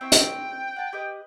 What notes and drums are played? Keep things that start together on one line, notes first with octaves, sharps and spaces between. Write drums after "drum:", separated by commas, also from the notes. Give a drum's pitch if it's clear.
C4 E4 G5 C#6
drum: hi-hat
F#5 A5
G4 B4 D#5